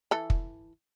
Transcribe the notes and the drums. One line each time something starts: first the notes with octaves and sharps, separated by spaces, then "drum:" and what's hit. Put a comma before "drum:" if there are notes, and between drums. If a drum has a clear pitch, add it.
E3 A4
drum: kick